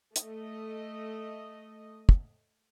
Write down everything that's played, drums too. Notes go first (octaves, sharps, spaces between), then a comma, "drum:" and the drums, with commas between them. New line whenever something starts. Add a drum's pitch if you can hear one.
A3 D#5, drum: hi-hat
drum: kick